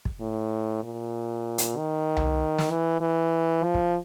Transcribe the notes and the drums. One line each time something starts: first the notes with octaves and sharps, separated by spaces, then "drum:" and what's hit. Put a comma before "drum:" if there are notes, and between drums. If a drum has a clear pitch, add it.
drum: kick
A2
A#2
drum: hi-hat
D#3
drum: tom C2
drum: snare
E3
E3
F3
drum: kick